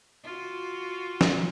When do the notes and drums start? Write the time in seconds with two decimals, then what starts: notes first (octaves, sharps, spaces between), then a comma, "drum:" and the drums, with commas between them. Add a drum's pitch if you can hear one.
0.24 F4 F#4
1.21 drum: snare